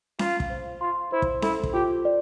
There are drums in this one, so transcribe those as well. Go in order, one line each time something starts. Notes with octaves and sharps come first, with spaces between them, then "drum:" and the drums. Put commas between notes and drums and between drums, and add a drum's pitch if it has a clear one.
F4 F5, drum: snare C#4
drum: kick
C5
F4 C6
E4 C5
drum: kick
E4 A4, drum: snare C#4
drum: kick
F4 G4
D5